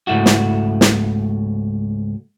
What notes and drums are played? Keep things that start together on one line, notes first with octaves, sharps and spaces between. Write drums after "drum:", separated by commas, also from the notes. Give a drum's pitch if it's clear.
C#2 G#2 A3 E4 F#4
drum: snare
drum: snare